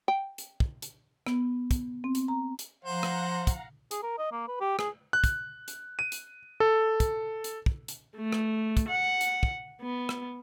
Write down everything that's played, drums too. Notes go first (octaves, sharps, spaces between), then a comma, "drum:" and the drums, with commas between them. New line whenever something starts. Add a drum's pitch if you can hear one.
G5
drum: hi-hat
drum: kick
drum: hi-hat
B3, drum: rim click
drum: kick, hi-hat
C4
drum: hi-hat
A#5
drum: hi-hat
F3 C5 F5 F#5 A#5
drum: rim click
drum: kick, hi-hat
G#4, drum: hi-hat
A#4
D#5
A#3
B4
G4
G#4, drum: rim click
F#6
drum: kick, hi-hat
drum: hi-hat
D#7
drum: hi-hat
A4
drum: kick, hi-hat
drum: hi-hat
drum: kick
drum: hi-hat
A3
drum: rim click
drum: kick, hi-hat
F#5
drum: hi-hat
drum: kick
B3
drum: rim click